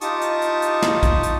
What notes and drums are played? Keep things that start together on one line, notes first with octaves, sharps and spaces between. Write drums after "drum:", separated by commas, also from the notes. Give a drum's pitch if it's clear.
D#4 F4 G4 A5 C#6 D#6, drum: hi-hat
drum: hi-hat
drum: hi-hat
drum: hi-hat
drum: snare
drum: kick, hi-hat
drum: hi-hat